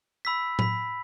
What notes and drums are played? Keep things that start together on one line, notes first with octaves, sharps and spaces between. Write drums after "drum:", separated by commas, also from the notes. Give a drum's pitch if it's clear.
B5 E6 B6
B5 E6 B6, drum: tom A2